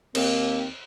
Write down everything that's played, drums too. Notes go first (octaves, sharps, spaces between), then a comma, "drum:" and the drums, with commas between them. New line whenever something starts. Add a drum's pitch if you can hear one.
D#2 D#3 A#3 C4, drum: cymbal